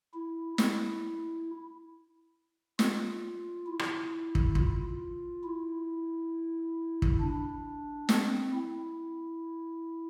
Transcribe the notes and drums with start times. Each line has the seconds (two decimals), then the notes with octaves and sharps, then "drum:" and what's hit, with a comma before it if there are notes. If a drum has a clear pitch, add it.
0.14 E4
0.58 E4, drum: snare
2.79 F4, drum: snare
3.67 E4
3.79 drum: rim click
4.35 drum: kick
4.55 F4, drum: kick
5.44 E4
7.02 drum: kick
7.20 D4
8.09 C4, drum: snare
8.53 E4